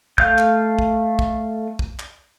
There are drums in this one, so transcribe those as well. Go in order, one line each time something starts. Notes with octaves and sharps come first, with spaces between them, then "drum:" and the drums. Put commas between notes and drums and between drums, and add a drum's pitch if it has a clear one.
A3 F5 G6, drum: kick
drum: clap
drum: kick
drum: kick
drum: kick
drum: clap